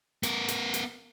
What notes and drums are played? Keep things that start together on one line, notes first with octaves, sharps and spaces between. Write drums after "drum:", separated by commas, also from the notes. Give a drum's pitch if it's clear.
B3 A#4, drum: hi-hat
drum: hi-hat
drum: hi-hat